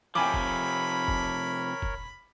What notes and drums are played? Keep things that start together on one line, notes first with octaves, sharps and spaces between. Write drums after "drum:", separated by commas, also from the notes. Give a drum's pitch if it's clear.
C3 F3 A#4 C#5 G5 G#5 B5 D6
drum: kick
drum: kick
drum: kick